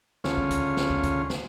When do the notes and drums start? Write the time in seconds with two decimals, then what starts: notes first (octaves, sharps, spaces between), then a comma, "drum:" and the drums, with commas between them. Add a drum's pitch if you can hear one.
0.24 D2 C#3 C#4 F4, drum: snare
0.37 drum: kick
0.51 drum: kick, hi-hat
0.77 drum: snare
0.90 drum: kick
1.03 drum: kick, hi-hat
1.30 drum: snare